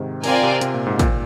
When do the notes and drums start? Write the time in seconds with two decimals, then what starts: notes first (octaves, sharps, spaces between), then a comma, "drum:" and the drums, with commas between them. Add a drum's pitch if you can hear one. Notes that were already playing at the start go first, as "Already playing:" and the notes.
Already playing: G#2 C3 D#3
0.24 C3 C4 F4 A#4 D5 G#5, drum: open hi-hat
0.43 C3
0.61 C3, drum: hi-hat
0.74 A#2
0.87 G#2
0.99 A#2, drum: kick, hi-hat